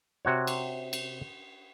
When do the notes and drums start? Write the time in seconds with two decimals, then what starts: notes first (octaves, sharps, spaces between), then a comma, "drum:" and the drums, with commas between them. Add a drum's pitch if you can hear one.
0.25 C3 F#4 C#5
0.47 drum: cymbal
0.93 drum: cymbal